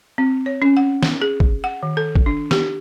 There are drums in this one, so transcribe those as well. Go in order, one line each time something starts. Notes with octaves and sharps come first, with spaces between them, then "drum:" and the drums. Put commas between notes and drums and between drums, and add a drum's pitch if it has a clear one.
C4
C#5
C#4
F#5
drum: snare
G#4
drum: kick
F#5
D#3
A4
drum: kick
D4
G4, drum: snare